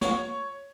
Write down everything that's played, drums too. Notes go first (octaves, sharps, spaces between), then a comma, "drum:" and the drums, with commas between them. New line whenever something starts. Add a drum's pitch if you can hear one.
C#5, drum: snare